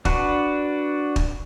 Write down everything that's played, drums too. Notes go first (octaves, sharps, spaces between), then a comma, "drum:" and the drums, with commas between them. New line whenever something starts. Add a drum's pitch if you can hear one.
D4 F#4 B4, drum: kick
drum: kick